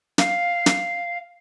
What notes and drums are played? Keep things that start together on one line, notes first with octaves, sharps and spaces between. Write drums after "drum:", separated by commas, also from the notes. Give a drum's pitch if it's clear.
F5, drum: snare
drum: snare